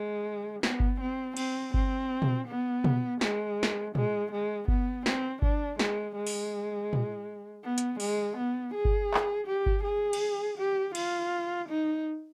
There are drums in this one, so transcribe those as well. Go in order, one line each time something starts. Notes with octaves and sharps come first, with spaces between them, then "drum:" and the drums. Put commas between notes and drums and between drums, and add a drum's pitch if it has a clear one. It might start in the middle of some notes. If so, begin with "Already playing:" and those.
Already playing: G#3
B3, drum: snare
drum: kick G1
C4
C4, drum: cymbal
C4, drum: kick G1
drum: tom A#2
B3
drum: tom
G#3, drum: snare
drum: snare
G#3, drum: tom A2
G#3
B3, drum: kick G1
C4, drum: snare
D4, drum: kick G1
G#3, drum: snare
G#3
drum: open hi-hat
drum: tom A2
B3
drum: hi-hat
G#3, drum: open hi-hat
B3
G#4
drum: kick G1
drum: clap
G4
drum: kick G1
G#4
drum: cymbal
G4
F4, drum: cymbal
D#4